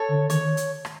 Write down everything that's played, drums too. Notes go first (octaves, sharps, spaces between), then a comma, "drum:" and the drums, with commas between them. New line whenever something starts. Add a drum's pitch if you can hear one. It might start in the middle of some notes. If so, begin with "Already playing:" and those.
Already playing: A4 C#5
D3
D#3 C#5, drum: hi-hat
drum: hi-hat
drum: rim click